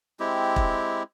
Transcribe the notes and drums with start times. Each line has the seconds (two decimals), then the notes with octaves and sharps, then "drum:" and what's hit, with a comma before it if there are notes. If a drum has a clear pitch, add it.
0.20 G#3 C4 E4 G4
0.56 drum: kick E1